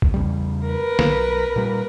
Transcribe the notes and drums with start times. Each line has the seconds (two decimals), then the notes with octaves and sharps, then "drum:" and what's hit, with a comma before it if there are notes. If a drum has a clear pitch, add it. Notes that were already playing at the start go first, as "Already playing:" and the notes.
0.02 drum: kick A#1
0.14 E2 C#3 G3
0.66 A#4 B4
0.99 B1, drum: snare
1.56 A#2 G3